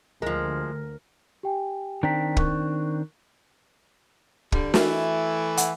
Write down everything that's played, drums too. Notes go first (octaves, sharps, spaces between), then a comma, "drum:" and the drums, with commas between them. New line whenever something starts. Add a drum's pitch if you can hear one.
D2 F3 G#3 A#4
G4 G5 G#5
D#3 C4 D4 G5 A#5 B6
A#4 C#6 F#6, drum: kick
D3 G3, drum: kick
E3 A3 E4 F#4, drum: snare
F#5, drum: hi-hat